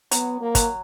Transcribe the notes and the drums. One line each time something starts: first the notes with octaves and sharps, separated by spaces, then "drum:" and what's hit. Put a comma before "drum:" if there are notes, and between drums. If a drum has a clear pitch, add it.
F#3 B3, drum: hi-hat
A#3
F#3, drum: kick, hi-hat